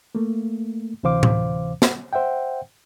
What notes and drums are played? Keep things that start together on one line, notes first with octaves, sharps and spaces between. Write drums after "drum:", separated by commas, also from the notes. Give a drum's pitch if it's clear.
A3 A#3
D2 C3 E3 C5 F5 D6
drum: tom A2
drum: snare
C5 E5 F#5 G5